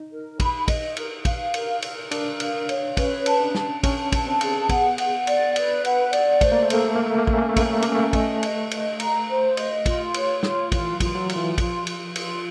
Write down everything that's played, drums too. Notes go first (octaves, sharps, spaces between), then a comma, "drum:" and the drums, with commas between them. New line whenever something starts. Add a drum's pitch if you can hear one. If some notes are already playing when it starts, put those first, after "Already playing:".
Already playing: D#4
A#4
B5, drum: kick, cymbal
D#5, drum: kick, cymbal
A#4, drum: cymbal
F5, drum: kick, cymbal
A#4, drum: cymbal
A#4, drum: cymbal
D4 A#4, drum: cymbal
F5, drum: cymbal
C#5, drum: cymbal
C#4 B4, drum: kick, cymbal
A5, drum: cymbal
D4
A5, drum: snare
C#4 A5, drum: kick, cymbal
A5, drum: kick, cymbal
C4
G#4, drum: cymbal
B3 F#5, drum: kick, cymbal
F#5, drum: cymbal
D5, drum: cymbal
B4, drum: cymbal
F#5, drum: cymbal
D5, drum: cymbal
A3 C5, drum: kick, cymbal
A#3
A3
A#3 A4, drum: cymbal
A3
A#3 A4
A3
A#3
A3 C#4, drum: kick
A#3
A3
A#3 C#4, drum: kick, cymbal
A3
A#3 C#4, drum: cymbal
A3
A3 D#5, drum: kick, cymbal
D#5, drum: cymbal
D#5, drum: cymbal
A#5, drum: cymbal
C5
D#5, drum: cymbal
F4, drum: kick, cymbal
C#5, drum: cymbal
F4, drum: snare
E3 F4, drum: kick, cymbal
F#3
F4, drum: kick, cymbal
F#3
F4, drum: cymbal
E3
F3 F4, drum: kick, cymbal
F4, drum: cymbal
F4, drum: cymbal